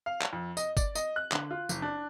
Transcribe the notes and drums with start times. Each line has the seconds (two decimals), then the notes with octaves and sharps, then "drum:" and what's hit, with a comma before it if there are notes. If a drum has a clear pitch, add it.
0.06 F5
0.21 drum: clap
0.33 F2
0.57 D#5, drum: tambourine
0.77 D5, drum: kick, tambourine
0.95 D#5, drum: tambourine
1.16 F#6
1.32 D3, drum: clap
1.51 F4
1.69 F#1, drum: tambourine
1.82 D4